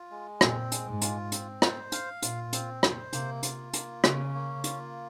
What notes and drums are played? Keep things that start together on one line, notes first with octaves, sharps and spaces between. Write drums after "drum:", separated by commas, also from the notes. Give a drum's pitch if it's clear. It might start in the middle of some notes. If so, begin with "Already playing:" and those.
Already playing: F4
G#3
A#2 C4, drum: rim click
G#3, drum: hi-hat
G#2
F4, drum: hi-hat
C4, drum: hi-hat
C5, drum: rim click
F5, drum: hi-hat
A#2 F4, drum: hi-hat
C4, drum: hi-hat
C5, drum: rim click
C3 A#3, drum: hi-hat
F4, drum: hi-hat
A#3, drum: hi-hat
C#3 C#4, drum: rim click
A#3
F4, drum: hi-hat